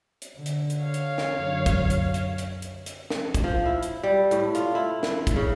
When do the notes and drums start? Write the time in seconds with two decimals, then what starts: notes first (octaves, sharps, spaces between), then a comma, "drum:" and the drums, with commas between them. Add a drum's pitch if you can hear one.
0.22 drum: hi-hat
0.37 D3
0.46 drum: hi-hat
0.70 drum: hi-hat
0.84 C#5 F5
0.94 drum: hi-hat
1.18 drum: snare
1.35 F#2 D3
1.66 drum: kick, hi-hat
1.90 drum: hi-hat
2.14 drum: hi-hat
2.38 drum: hi-hat
2.62 drum: hi-hat
2.86 drum: hi-hat
3.10 drum: snare
3.35 drum: kick, hi-hat
3.44 F3
3.66 E4
3.83 drum: hi-hat
4.03 G3
4.31 A2, drum: hi-hat
4.55 F4, drum: hi-hat
4.75 E4
5.03 drum: snare
5.27 drum: kick, hi-hat
5.36 C#3